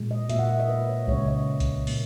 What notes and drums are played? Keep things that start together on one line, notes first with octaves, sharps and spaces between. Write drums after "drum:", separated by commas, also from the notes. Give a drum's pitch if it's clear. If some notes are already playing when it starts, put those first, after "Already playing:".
Already playing: A#2 G#3
D#5
A#2 A#3 E5, drum: hi-hat
F#5
E5
D#5
B4
C#5
C#3 G#3 C#5, drum: kick C2
D#5
drum: kick C2, hi-hat
A#2 A#3, drum: open hi-hat